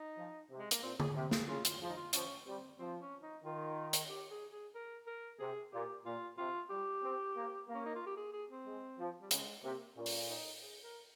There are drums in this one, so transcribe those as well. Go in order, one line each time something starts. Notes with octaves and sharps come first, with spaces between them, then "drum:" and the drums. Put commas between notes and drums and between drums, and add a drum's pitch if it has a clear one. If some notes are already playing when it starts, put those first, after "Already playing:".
Already playing: D#4
F3
C3
G#3
A#3, drum: hi-hat
A#2 C4
G#4, drum: tom D3
C3
G#4, drum: snare
C#3 F4
F4, drum: hi-hat
F3 G#4
D#4
F4
F3 C#4, drum: hi-hat
G3 C4
F3 C4
C#4
D#4
D#3 F4
drum: hi-hat
G4
G#4
G#4
A#4
A#4
C3 G#4
A#2 G4
A#2 F4
C3 F4
G3 G4
C4
A#3
A#3
C#4
D#4
F4
G4
G#4
G#4
C4
G#3
F3
G3
C#3 G#3, drum: hi-hat
C3 A#3
A#2 C#4
drum: open hi-hat
D#4
G#4
A#4